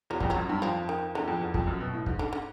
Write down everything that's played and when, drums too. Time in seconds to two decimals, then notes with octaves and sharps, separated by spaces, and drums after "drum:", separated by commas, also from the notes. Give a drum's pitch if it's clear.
0.10 E2 F#3
0.20 F2 G3, drum: kick
0.30 F#3
0.36 F#2
0.49 G2
0.62 F2 F3
0.89 D#3
1.15 E2 D3
1.28 F2
1.41 E2
1.54 F2, drum: kick
1.67 F#2
1.80 B2
1.93 A2
2.06 G#2, drum: kick
2.19 D3
2.33 D3